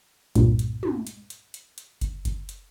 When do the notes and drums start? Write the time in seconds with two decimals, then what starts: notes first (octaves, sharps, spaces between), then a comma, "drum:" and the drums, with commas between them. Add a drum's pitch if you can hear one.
0.35 C2 G2 A#2, drum: kick F#1, hi-hat
0.59 drum: hi-hat
0.83 drum: tom
1.07 drum: hi-hat
1.30 drum: hi-hat
1.54 drum: hi-hat
1.78 drum: hi-hat
2.01 drum: kick F#1, hi-hat
2.25 drum: kick F#1, hi-hat
2.49 drum: hi-hat